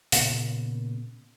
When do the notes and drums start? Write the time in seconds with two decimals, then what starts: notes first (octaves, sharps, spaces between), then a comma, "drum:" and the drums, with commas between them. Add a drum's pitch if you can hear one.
0.12 A#2 C#3 B3, drum: hi-hat